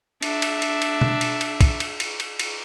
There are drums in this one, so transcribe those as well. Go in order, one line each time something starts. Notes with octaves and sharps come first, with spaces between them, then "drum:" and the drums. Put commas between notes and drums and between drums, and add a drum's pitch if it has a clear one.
D4 E5, drum: cymbal
drum: cymbal
drum: cymbal
drum: cymbal
drum: tom B2
drum: cymbal
drum: cymbal
drum: kick, cymbal
drum: cymbal
drum: cymbal
drum: cymbal
drum: cymbal